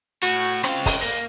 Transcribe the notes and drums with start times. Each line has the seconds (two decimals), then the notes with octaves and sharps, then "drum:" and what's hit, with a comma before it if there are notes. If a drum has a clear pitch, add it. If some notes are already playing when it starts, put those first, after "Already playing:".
0.23 A2 F#4
0.64 C#3 C4 F4, drum: rim click
0.86 drum: kick, open hi-hat
1.02 A#3